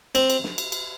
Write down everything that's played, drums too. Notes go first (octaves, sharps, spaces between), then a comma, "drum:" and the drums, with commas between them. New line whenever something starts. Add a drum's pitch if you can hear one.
C4, drum: cymbal
drum: cymbal
drum: snare
drum: cymbal
drum: cymbal